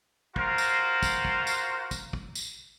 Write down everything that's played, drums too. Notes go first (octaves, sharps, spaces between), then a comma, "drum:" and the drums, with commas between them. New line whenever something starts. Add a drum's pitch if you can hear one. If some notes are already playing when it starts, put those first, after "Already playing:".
F4 F#4 A#4 C5, drum: kick
drum: tambourine
drum: kick, tambourine
drum: kick
drum: tambourine
drum: kick, tambourine
drum: kick
drum: tambourine